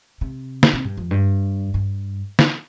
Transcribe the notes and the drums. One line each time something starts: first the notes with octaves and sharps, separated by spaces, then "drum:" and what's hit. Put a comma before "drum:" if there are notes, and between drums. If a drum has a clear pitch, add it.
C3
drum: snare
C3
G2
F2
G2
G2
drum: snare